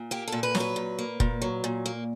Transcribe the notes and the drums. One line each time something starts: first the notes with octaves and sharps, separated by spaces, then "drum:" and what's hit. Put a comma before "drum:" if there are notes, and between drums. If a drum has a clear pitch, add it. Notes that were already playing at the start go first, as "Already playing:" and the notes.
Already playing: A#2
A#3 G4
A#2 A4
B4
F#3, drum: snare
B4
A#2
A#3
A#2, drum: kick F1
F#3
A#2
A#3